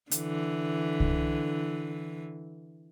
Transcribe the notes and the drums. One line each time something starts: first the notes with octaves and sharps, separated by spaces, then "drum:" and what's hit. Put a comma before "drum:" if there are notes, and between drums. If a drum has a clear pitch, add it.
D3 E3, drum: hi-hat
drum: kick C2